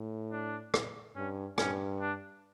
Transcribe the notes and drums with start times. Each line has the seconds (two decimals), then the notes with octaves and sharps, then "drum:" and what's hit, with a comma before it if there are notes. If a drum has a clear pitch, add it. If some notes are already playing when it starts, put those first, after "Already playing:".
Already playing: A2
0.32 D4
0.74 drum: rim click
1.16 G2 C#4
1.58 G2 C#4, drum: rim click
2.00 D4